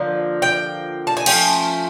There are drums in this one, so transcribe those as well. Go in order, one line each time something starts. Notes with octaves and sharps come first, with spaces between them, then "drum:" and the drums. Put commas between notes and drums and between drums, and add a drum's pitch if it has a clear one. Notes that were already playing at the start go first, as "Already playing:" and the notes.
Already playing: D3 F3 A#3
G5
A5
G#5
F3 A3 C#4 G5, drum: cymbal